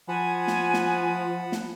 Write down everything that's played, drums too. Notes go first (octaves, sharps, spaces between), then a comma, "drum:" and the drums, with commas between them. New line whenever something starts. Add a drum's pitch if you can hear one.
F3 F#5 G#5 A5 B5
drum: snare
drum: snare
drum: snare